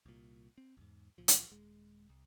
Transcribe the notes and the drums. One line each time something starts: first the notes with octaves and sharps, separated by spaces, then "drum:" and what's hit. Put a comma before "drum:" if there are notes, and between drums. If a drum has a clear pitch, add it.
C2 A#2
C4
A1 E2 G#2
C#2 A#2 F3
drum: hi-hat
D#1 G#3
C2